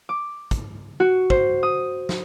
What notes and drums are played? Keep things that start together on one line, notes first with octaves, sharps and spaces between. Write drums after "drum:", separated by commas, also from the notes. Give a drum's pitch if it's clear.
D6
drum: kick, hi-hat
F#4
C5, drum: kick
D#6
drum: snare